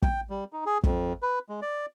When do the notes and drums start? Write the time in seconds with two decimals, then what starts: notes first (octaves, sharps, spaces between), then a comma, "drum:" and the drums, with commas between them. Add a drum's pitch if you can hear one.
0.02 G5, drum: kick
0.30 G3
0.53 D#4
0.66 G#4
0.84 F2, drum: kick
1.22 B4
1.49 G#3
1.62 D5